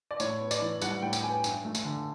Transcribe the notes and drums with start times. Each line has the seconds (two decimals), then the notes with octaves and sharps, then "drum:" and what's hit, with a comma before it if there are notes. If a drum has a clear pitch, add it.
0.11 D5
0.20 A2 C#5, drum: tambourine
0.41 B3
0.51 D5, drum: tambourine
0.62 E3
0.81 G3 F#5, drum: tambourine
1.02 A2 G5
1.13 drum: tambourine
1.23 B3 G#5
1.44 G2, drum: tambourine
1.65 A3
1.75 drum: tambourine
1.84 D3